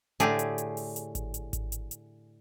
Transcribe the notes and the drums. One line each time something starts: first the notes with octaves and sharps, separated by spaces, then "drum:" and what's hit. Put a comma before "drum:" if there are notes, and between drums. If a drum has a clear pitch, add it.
A2 D3 A3 G4 G#4, drum: hi-hat
drum: hi-hat
drum: hi-hat
drum: open hi-hat
drum: hi-hat
drum: kick G#1, hi-hat
drum: hi-hat
drum: kick G#1, hi-hat
drum: hi-hat
drum: hi-hat